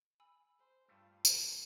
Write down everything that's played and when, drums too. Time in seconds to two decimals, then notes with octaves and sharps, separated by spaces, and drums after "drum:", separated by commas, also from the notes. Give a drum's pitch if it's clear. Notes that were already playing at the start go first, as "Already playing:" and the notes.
0.20 G#5 B5 E6
0.59 C5
0.88 G2 G3 A3 F4
1.25 G#6 C#7 E7, drum: tambourine